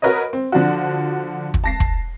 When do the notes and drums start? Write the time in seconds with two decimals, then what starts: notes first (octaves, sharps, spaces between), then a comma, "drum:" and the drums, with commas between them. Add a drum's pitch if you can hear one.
0.02 F#4 A#4 B4 C#5 D#5
0.33 C4
0.52 D3 F3 D4 F#4
1.54 drum: kick
1.64 A5 A#6 C7
1.80 drum: kick